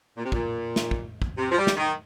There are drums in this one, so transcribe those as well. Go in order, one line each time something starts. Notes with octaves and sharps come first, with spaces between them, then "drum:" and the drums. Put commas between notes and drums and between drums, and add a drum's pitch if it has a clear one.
A#2
C3
A#2, drum: kick
drum: snare
drum: kick
drum: kick
C3
F3
G3
drum: snare
D#3